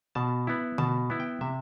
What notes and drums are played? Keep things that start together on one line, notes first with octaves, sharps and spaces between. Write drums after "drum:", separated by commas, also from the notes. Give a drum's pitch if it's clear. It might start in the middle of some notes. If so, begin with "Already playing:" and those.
B2 A5
B3 E4
B2 A5, drum: tom D3
B3 E4
G5
C3 E5